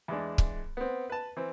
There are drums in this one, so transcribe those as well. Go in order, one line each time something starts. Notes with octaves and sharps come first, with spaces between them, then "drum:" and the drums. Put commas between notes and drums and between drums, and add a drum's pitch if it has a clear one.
E2 G#3 D4
drum: kick C#1
B3 C4
B4 A5
E3 C4